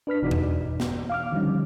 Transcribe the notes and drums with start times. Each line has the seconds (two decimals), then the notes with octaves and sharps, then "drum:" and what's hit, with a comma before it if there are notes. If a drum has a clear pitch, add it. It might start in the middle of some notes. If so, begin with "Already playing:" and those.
0.07 D4 B4 F6 B6
0.22 G1 B2 E3 D#4 F#4 D5
0.31 drum: tom E2
0.80 drum: snare
1.10 F5 D6 F6
1.31 D3 D#3 F3 G3 C#4 D#4